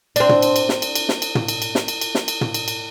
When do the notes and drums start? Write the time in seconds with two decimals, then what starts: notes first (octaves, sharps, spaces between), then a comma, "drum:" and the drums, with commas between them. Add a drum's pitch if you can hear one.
0.16 C4 D4, drum: cymbal
0.29 drum: tom
0.42 drum: cymbal
0.56 drum: cymbal
0.69 drum: snare
0.82 drum: cymbal
0.95 drum: cymbal
1.09 drum: snare
1.22 drum: cymbal
1.35 drum: tom
1.48 drum: cymbal
1.62 drum: cymbal
1.75 drum: snare
1.88 drum: cymbal
2.01 drum: cymbal
2.15 drum: snare
2.28 drum: cymbal
2.41 drum: tom
2.54 drum: cymbal
2.68 drum: cymbal